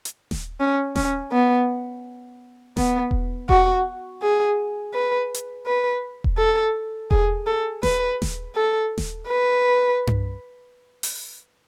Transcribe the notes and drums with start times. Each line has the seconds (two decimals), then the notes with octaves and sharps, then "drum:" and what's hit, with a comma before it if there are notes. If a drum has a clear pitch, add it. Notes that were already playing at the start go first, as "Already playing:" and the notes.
0.05 drum: hi-hat
0.31 drum: snare D#1
0.60 C#4
0.96 C#4, drum: snare D#1
1.32 B3
2.77 B3, drum: snare D#1
3.11 drum: kick E1
3.49 F#4, drum: kick E1
4.22 G#4
4.94 B4
5.34 drum: hi-hat
5.66 B4
6.24 drum: kick E1
6.38 A4
7.11 G#4, drum: kick E1
7.46 A4
7.83 B4, drum: snare D#1
8.22 drum: snare D#1
8.55 A4
8.98 drum: snare D#1
9.27 B4
10.07 drum: tom G2
11.03 drum: open hi-hat